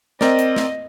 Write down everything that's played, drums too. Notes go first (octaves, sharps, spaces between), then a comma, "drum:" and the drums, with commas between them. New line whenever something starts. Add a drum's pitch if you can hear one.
C4 A#4 D5 D#5, drum: snare
drum: hi-hat
drum: snare